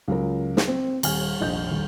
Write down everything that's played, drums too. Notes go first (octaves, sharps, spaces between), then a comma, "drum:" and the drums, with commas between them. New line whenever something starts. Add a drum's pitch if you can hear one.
C#2 F#3 F4 A#4
drum: snare
C4
D#1 G#5 F6, drum: cymbal
F1 A#1 D#5 G6
D#1